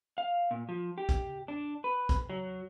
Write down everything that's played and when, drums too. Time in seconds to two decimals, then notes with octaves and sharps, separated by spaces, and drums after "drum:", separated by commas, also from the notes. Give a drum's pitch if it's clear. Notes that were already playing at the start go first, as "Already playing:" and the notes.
0.18 F5
0.51 A#2
0.69 F3
0.98 G4
1.09 drum: kick, hi-hat
1.48 D4
1.84 B4
2.09 drum: kick, hi-hat
2.30 F#3